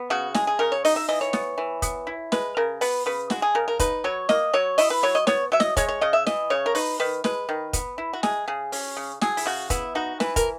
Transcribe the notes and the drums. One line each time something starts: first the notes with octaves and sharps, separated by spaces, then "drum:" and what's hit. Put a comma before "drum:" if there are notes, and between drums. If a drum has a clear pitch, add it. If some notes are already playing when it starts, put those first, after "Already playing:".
Already playing: B3
C#3 F#4
G#3 G#4, drum: snare
G#4
C#3 A#4
C#5
D#4 D#5, drum: open hi-hat
E5
E3 D#5
C#5
B3, drum: snare
E3
B3, drum: kick, hi-hat
E4
G#3 B4, drum: snare
C#3 A#4
B3 B4, drum: open hi-hat
C#3 B4
G#3 F#4, drum: snare
G#4
C#3 A#4
A#4
D#4 B4, drum: kick, hi-hat
F#3 C#5
A#3 D#5, drum: snare
F#3 C#5
E4 D#5, drum: open hi-hat
B4
F#3 C#5
D#5
B3 C#5, drum: snare
F#3 E5
D#5, drum: snare
G#3 C#5, drum: kick, hi-hat
C#5
C#3 D#5
E5
E3 D#5, drum: snare
C#3 C#5
A#4
D#4 B4, drum: open hi-hat
D#3 B4
G#3 B4, drum: snare
D#3
B3, drum: kick, hi-hat
E4
F#4
G#3 G#4, drum: snare
C#3 G#4
C#4, drum: open hi-hat
C#3
F#3 G#4, drum: snare
E4, drum: open hi-hat
C#3 F#4
B3 E4, drum: kick, hi-hat
D#4 F#4
E3 B4, drum: snare
A#4, drum: kick, hi-hat